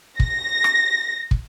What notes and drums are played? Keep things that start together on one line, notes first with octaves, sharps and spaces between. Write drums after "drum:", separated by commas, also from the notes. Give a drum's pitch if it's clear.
A#6, drum: kick
drum: rim click
drum: kick